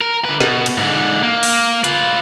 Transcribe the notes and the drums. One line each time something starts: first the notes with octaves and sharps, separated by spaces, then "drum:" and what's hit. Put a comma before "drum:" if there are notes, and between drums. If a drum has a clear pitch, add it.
A#4
D3 B4
B2, drum: snare
drum: cymbal
G#2 D3
A#3
drum: open hi-hat
F4 B4, drum: hi-hat